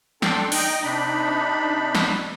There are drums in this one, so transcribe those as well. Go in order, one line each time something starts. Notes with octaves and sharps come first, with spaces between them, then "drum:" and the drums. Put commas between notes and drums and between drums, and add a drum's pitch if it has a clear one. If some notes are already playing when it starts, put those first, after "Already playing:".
D4 A4 G5 C6, drum: snare
D#4 D#5 G5, drum: open hi-hat
C3 D4 D#4 B5
drum: snare